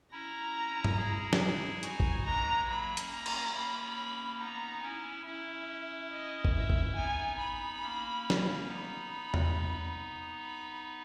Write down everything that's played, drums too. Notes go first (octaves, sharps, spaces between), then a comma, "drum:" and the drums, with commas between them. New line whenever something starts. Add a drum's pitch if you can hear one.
C#4 E4 A#5
drum: tom G2
E4 G#4
drum: snare
D#4 F#4 G#5, drum: hi-hat
drum: kick A1
E3 G#3 A#5
F#3 A#3 B5
A#3 C#4, drum: hi-hat
A#5
A#3 C#4, drum: cymbal
A#3 C#4 B5
B3 D#4 A#5
C#4 E4 G#5
C#4 E4 E5
D#5
drum: kick A1
E5
drum: kick A1
B3 D#4 G#5
B5
A#3 C#4
drum: snare
B3 D#4 B5
drum: tom E2
B5